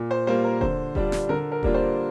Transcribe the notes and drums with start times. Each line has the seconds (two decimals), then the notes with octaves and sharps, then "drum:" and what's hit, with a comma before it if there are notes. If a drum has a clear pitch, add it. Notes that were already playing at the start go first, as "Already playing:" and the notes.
Already playing: A#2
0.11 C5
0.27 G3 A#3 F4 C5
0.44 A#4
0.61 D3 C5, drum: kick E1
0.95 G3 D4 F4, drum: kick E1
1.12 drum: snare
1.29 D3 A#4
1.52 A#4
1.63 G3 A#3 D4 F4, drum: kick E1
1.74 C5